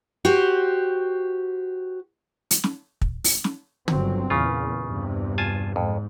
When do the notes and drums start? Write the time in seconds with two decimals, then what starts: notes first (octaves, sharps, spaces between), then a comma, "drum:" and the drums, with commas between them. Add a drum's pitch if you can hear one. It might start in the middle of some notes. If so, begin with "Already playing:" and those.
0.25 F#4 G4 C5
2.51 drum: hi-hat
2.64 drum: snare
3.01 drum: kick
3.24 drum: open hi-hat
3.44 drum: snare
3.88 G1 F#3 C4, drum: tom
4.30 E2 A#2 C#3 F4
4.83 E2 G2 C3
5.38 F4 G#5 A5
5.76 F2 G#2